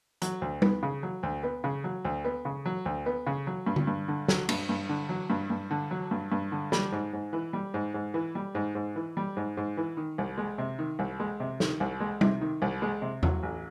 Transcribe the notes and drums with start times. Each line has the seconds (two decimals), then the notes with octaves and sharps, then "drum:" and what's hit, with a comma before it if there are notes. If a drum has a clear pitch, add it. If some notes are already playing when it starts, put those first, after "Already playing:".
0.22 F#3, drum: hi-hat
0.42 D2
0.62 B3, drum: tom G3
0.83 C#3
1.03 F#3
1.23 D2
1.43 B3
1.64 C#3
1.84 F#3
2.05 D2
2.25 B3
2.45 C#3
2.65 F#3
2.86 D2
3.06 B3
3.27 C#3
3.47 F#3
3.67 G2
3.76 drum: tom D3
3.87 G2
4.08 D3
4.28 F#3, drum: snare
4.49 G2, drum: cymbal
4.69 G2
4.89 D3
5.09 F#3
5.30 G2
5.50 G2
5.71 D3
5.91 F#3
6.11 G2
6.32 G2
6.52 D3
6.72 G3, drum: snare
6.92 G#2
7.13 G#2
7.33 E3
7.53 G3
7.74 G#2
7.94 G#2
8.14 E3
8.35 G3
8.55 G#2
8.75 G#2
8.96 E3
9.17 G3
9.37 G#2
9.57 G#2
9.77 E3
9.97 D#3
10.18 C2
10.38 G#3
10.58 C3
10.79 D#3
10.99 C2
11.20 G#3
11.40 C3
11.60 D#3, drum: snare
11.80 C2
12.00 G#3
12.21 C3, drum: tom G3
12.41 D#3
12.62 C2
12.82 G#3
13.02 C3
13.23 F#3, drum: tom E2
13.43 A1